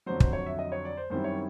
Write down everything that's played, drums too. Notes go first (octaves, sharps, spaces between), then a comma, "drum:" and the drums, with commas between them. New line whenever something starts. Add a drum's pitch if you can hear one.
F2 D3 F#3 C5
C5, drum: kick
C#5
E5
D#5
C#5
D5
C5
F#2 D#3 G3 C4 E4 C5
C#5